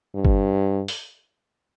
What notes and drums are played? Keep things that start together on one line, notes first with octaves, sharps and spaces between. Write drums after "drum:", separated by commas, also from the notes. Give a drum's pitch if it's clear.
G2
drum: kick G1
drum: open hi-hat